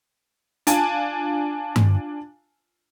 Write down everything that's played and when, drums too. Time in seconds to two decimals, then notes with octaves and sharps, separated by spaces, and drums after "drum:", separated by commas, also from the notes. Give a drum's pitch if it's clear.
0.67 D4 F4 G#5 A5, drum: hi-hat
1.76 drum: tom G2